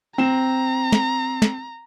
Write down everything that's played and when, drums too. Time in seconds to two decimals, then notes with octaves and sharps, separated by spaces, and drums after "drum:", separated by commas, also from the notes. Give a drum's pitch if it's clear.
0.18 C4 A#5 E7
0.92 drum: snare
1.42 drum: snare